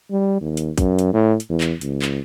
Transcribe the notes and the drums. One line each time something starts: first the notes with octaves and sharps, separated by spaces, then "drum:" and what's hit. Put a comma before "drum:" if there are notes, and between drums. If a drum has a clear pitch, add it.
G3
D#2
drum: hi-hat
F#2, drum: kick, hi-hat
drum: hi-hat
A2
drum: hi-hat
E2
drum: clap
C#2, drum: hi-hat
drum: clap